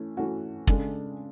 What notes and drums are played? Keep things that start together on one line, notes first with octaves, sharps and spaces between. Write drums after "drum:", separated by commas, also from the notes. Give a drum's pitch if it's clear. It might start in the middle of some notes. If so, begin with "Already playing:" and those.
Already playing: E3 A3 C#4
E3 A3 C#4 F#4
C#3 G#3 D4 A4, drum: kick